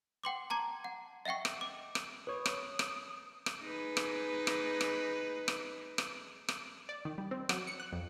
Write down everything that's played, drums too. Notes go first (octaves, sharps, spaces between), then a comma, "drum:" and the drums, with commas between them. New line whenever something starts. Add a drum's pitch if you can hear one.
F#5 G5 C6 D6
A5 A#5 D6 G#6
F#5
D#5 E5 F#5 G5 C#6
drum: rim click
D6
drum: rim click
B4 C#5 D#6
drum: rim click
drum: rim click
drum: rim click
D#4 G#4 B4
drum: rim click
drum: rim click
drum: rim click
drum: rim click
drum: rim click
drum: rim click
D5
D#3
G3
C4
F#3, drum: rim click
C#7
F#6
F2